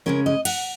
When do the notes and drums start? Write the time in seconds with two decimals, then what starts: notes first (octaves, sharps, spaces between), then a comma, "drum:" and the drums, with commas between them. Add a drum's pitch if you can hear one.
0.06 C#3 G#3 C#4 A#4
0.26 D#5
0.45 F#5, drum: cymbal